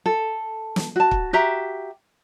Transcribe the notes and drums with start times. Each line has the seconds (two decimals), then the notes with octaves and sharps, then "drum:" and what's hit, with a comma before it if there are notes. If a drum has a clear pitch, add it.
0.06 A4
0.76 drum: snare
0.96 F#4 A5
1.11 drum: kick
1.33 F#4 G4 E5 A#5